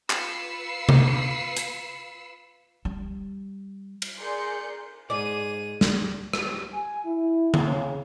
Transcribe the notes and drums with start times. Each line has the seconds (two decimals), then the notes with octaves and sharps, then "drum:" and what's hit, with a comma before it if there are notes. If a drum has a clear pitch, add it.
0.10 F4 B4 B5 E6 C7 C#7, drum: clap
0.89 drum: tom C3
1.57 drum: hi-hat
2.85 G3
4.02 drum: cymbal
4.19 G#4 A#4 D5 C6 G6 C#7
5.10 G#2 G#4 D5 D#7
5.81 drum: snare
6.33 G4, drum: rim click
6.72 G#5
7.05 E4
7.54 drum: tom D3
7.65 C#3